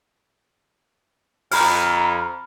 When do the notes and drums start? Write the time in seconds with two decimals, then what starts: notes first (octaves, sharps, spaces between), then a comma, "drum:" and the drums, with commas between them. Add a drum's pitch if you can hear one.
1.52 F2 A#5 B5 F6, drum: open hi-hat